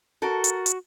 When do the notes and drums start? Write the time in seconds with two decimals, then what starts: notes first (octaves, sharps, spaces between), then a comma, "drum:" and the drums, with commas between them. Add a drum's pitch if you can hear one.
0.22 F#4 A4 A#4
0.44 drum: hi-hat
0.66 drum: hi-hat